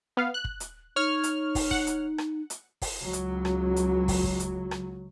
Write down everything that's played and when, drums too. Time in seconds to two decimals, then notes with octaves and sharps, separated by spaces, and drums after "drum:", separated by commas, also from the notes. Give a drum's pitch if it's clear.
0.17 B3 F5
0.34 F#6
0.44 drum: kick
0.60 drum: hi-hat
0.96 D#4 C#5 F6
1.23 drum: hi-hat
1.55 drum: kick, open hi-hat
1.71 F#5, drum: kick
1.87 drum: hi-hat
2.18 drum: rim click
2.50 drum: hi-hat
2.82 drum: kick, open hi-hat
3.01 C#2 F#3
3.13 drum: hi-hat
3.45 drum: rim click
3.76 drum: hi-hat
4.08 drum: kick, open hi-hat
4.24 drum: kick
4.40 drum: hi-hat
4.71 drum: rim click